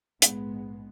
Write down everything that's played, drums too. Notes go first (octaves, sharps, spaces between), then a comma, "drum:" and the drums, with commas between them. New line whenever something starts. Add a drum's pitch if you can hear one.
A#1 G#2 G#3 B3, drum: hi-hat